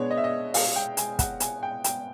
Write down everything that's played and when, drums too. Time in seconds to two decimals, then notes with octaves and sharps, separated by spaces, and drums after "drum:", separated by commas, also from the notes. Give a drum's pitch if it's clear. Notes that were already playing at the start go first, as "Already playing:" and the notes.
Already playing: B2 G#3 B3 D4 C#5
0.11 D#5
0.17 E5
0.24 D#5
0.54 F5, drum: open hi-hat
0.76 G5
0.97 G#5, drum: hi-hat
1.19 F#5, drum: kick, hi-hat
1.40 G#5, drum: hi-hat
1.63 G5
1.84 G5, drum: hi-hat